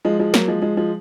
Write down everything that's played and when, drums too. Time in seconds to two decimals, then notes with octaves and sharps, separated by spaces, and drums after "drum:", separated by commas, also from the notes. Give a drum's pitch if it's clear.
0.05 F3 G#3
0.19 F3 G#3
0.34 F#3 A#3, drum: snare
0.48 F3 G#3
0.62 F3 G#3
0.77 F3 G#3